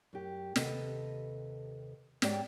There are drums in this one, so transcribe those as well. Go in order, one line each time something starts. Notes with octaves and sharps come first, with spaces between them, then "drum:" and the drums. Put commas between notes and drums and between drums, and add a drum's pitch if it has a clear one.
F#2 G4
D#2 C3 A4 B4 D#5, drum: snare
G#2 C#4 G4 C#5 D5 G5, drum: snare